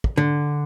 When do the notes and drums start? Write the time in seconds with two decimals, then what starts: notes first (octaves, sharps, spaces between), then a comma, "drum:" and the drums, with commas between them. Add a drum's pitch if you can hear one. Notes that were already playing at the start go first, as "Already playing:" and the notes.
0.04 drum: kick
0.17 D3, drum: tom G#2